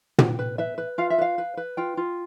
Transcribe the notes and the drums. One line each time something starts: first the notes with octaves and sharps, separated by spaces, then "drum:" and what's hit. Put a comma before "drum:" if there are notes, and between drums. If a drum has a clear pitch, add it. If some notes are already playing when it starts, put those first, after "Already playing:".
B4 G5, drum: tom
B4
B4 E5
B4
F4 F5
E5
B4 F5
B4
B4
F4 G5
F4